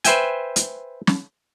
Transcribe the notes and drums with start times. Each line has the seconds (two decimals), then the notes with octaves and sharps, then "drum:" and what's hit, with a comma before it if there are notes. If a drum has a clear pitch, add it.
0.04 B4 C5 E5 G5 G#5, drum: hi-hat
0.56 drum: hi-hat
1.07 drum: snare